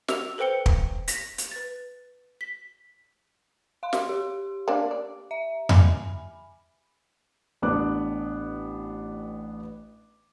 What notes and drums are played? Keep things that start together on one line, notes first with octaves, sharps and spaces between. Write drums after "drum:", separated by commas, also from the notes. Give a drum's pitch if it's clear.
E6 F7, drum: snare
A4 B4 C5 G5 C#7 G7
drum: kick
A#6 B6, drum: hi-hat
drum: hi-hat
B4 A6
B6
F5 C6
drum: snare
G4
A#3 D4
D5
E5
G#5 B5, drum: tom F2
A1 B3 D4 D6 F#6